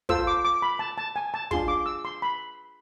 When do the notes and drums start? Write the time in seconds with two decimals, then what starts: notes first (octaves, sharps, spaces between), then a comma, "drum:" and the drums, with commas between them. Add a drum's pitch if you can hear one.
0.09 F4 A4 C5 E6, drum: kick
0.27 D6
0.45 D6
0.62 B5
0.79 A5
0.98 A5
1.16 G#5
1.34 A5
1.51 D4 F4 G#4 C6, drum: kick
1.68 D6
1.86 E6
2.05 C6
2.22 B5